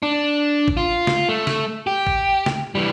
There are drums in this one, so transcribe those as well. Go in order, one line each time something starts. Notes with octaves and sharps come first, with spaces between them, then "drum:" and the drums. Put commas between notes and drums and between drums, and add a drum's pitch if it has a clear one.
D4
drum: kick G#1
F4
drum: snare
A3
drum: snare
G4
drum: kick G#1
drum: snare
E3 G3